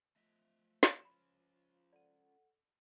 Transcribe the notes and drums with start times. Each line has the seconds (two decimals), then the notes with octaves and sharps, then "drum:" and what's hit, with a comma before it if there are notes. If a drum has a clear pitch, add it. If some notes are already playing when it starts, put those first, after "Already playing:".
0.16 F3 A3 D#5 E5
0.83 drum: snare
1.02 C#4 F4 B5 E7
1.93 A4 D5 F#5 D#7